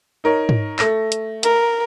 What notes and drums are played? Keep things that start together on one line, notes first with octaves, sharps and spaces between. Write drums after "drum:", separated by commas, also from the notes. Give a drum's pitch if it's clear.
D#4 A#4 C#5
drum: tom G#2
A3 A#6, drum: clap
drum: hi-hat
A#4, drum: hi-hat